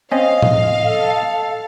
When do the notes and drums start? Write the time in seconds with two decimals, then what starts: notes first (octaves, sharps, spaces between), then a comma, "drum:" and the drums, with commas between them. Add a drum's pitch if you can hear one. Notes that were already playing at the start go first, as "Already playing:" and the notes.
0.12 C4 C#4 D#5 F5
0.42 drum: tom A2
0.85 A4